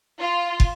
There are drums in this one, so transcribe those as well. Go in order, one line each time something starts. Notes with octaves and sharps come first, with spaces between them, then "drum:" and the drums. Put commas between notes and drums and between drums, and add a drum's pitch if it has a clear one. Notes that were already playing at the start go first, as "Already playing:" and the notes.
F4
drum: kick